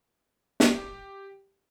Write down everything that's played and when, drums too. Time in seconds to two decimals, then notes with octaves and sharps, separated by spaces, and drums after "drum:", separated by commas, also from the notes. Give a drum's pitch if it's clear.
0.60 G4, drum: snare